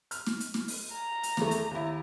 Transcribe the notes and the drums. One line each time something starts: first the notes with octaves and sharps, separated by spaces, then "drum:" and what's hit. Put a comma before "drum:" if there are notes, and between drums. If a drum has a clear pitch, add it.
F6, drum: hi-hat
drum: snare
drum: hi-hat
drum: snare
drum: open hi-hat
A#5
drum: hi-hat
E2 A3, drum: snare
drum: hi-hat
D#2 E4